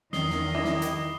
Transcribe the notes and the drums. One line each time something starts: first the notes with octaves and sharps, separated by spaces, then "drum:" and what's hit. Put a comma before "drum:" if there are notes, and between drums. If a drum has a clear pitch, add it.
E2 D#3 D#5 D#6 C7 G7, drum: snare
drum: snare
E4 D6
drum: snare
drum: hi-hat